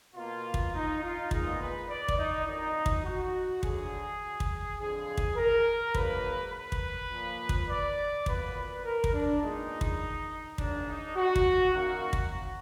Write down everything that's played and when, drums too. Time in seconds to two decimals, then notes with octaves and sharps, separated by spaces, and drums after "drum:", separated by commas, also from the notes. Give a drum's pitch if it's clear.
0.15 B2 A#3 F4
0.54 drum: kick
0.74 D#4
1.03 F4
1.31 A#2 G#3 B3 D#4, drum: kick
1.60 B4
1.89 D5
2.08 drum: kick
2.18 D#4
2.46 F2 D#3 F#3 A#3 D#4
2.86 drum: kick
3.04 F#4
3.63 D2 D3 F#3 G#4, drum: kick
4.40 drum: kick
4.79 F2 D3 F3 G#4
5.17 drum: kick
5.36 A#4
5.94 G#2 F#3 A#3 B4, drum: kick
6.52 B4
6.72 drum: kick
7.10 A#2 F3 A#3
7.49 drum: kick
7.69 D5
8.26 A#2 F#3 B3 B4, drum: kick
8.85 A#4
9.04 drum: kick
9.13 D4
9.42 A#2 G#3 B3 D#4
9.81 drum: kick
10.58 G#2 F#3 A#3 D4, drum: kick
10.87 D#4
11.17 F#4
11.36 drum: kick
11.74 F#2 D#3 A#3 F#4
12.13 drum: kick